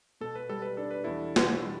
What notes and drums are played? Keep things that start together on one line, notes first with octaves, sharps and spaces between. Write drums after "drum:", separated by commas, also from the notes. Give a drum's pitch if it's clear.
B2 A4
B4
G3 A4
B4
D4 A4
B4
E2 E4 A4
B2, drum: snare
G3